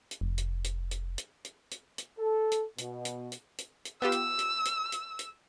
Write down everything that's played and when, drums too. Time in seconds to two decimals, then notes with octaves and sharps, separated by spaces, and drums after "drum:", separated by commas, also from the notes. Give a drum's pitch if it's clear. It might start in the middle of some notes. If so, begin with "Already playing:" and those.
0.11 drum: hi-hat
0.21 F1
0.38 drum: hi-hat
0.64 drum: hi-hat
0.91 drum: hi-hat
1.18 drum: hi-hat
1.45 drum: hi-hat
1.71 drum: hi-hat
1.98 drum: hi-hat
2.18 A4
2.51 drum: hi-hat
2.78 B2, drum: hi-hat
3.05 drum: hi-hat
3.32 drum: hi-hat
3.58 drum: hi-hat
3.85 drum: hi-hat
4.02 B3 F4 G4 E6
4.12 drum: hi-hat
4.39 drum: hi-hat
4.65 drum: hi-hat
4.92 drum: hi-hat
5.19 drum: hi-hat